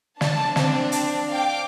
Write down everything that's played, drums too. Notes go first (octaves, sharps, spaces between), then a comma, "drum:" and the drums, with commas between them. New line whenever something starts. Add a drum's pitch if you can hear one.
D4 A5, drum: snare
C4 D4, drum: snare
drum: hi-hat
F5 G5 D6